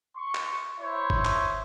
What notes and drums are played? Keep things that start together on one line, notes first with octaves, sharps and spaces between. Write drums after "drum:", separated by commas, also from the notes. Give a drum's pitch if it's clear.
C6 C#6
drum: clap
E4 C5 C#5
drum: kick G1
drum: clap